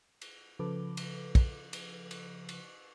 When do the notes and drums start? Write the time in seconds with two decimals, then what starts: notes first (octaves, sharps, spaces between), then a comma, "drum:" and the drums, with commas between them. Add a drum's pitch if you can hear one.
0.22 drum: cymbal
0.59 C#3 F3 A4 B4 D6
0.97 drum: cymbal
1.35 drum: kick, cymbal
1.73 drum: cymbal
2.11 drum: cymbal
2.49 drum: cymbal